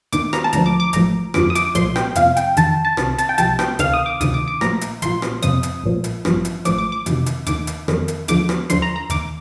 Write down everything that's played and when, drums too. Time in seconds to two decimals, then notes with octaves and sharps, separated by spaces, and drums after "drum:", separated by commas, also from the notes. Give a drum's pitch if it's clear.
0.12 D#2 D#3 D6, drum: hi-hat
0.33 A#5, drum: rim click
0.44 A5
0.53 D2 D3 F3 A#5, drum: hi-hat
0.66 D6
0.80 D6
0.93 A1 A2 F3 A#5, drum: hi-hat
1.34 G1 F2 D3 F3 D6, drum: rim click
1.50 D#6
1.55 D6, drum: hi-hat
1.75 C2 A#2 F3 C6, drum: hi-hat
1.96 G5, drum: rim click
2.15 F2 C3 F3 F5, drum: hi-hat
2.37 G5, drum: hi-hat
2.57 F2 D#3 A5, drum: hi-hat
2.85 A5
2.97 C2 C3 D#3, drum: rim click
3.18 A5, drum: hi-hat
3.29 G5
3.38 C2 C3 F3 A5, drum: hi-hat
3.59 G5, drum: rim click
3.79 D2 C3 D#3 F5, drum: hi-hat
3.93 D#6
4.06 D6
4.21 D2 C3 D#3 D#6, drum: hi-hat
4.34 D6
4.48 D6
4.61 A#1 A#2 F3 A#5, drum: rim click
4.81 drum: hi-hat
5.02 A#1 A#2 F3 C6, drum: hi-hat
5.22 drum: rim click
5.42 F2 C3 F3 D#6, drum: hi-hat
5.63 drum: hi-hat
5.83 A#1 A#2 F3
6.04 drum: hi-hat
6.25 A1 G2 F3, drum: rim click
6.45 drum: hi-hat
6.65 A1 A2 F3 D6, drum: hi-hat
6.78 D6
6.92 D6
7.06 F2 C3 D#3, drum: hi-hat
7.26 drum: hi-hat
7.46 D#2 D#3 D6, drum: hi-hat
7.67 drum: hi-hat
7.88 F2 D#3, drum: rim click
8.08 drum: hi-hat
8.28 D#2 D3 F3 D6, drum: hi-hat
8.49 drum: rim click
8.70 D#2 D3 F3 C6, drum: hi-hat
8.82 A#5
8.96 A#5
9.10 D#2 D#3 D6, drum: hi-hat